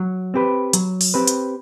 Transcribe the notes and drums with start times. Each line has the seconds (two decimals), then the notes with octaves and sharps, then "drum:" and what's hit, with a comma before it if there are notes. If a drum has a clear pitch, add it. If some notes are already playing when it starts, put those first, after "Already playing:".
Already playing: F#3
0.34 C4 G4 B4
0.73 F#3, drum: hi-hat
1.01 drum: open hi-hat
1.14 C4 G4 B4
1.27 drum: hi-hat